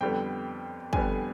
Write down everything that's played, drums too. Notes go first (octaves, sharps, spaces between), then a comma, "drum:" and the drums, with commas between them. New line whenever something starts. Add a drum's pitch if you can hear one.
F2 D3 G3 B3 G5
F2 D3 G3 B3 G#5, drum: kick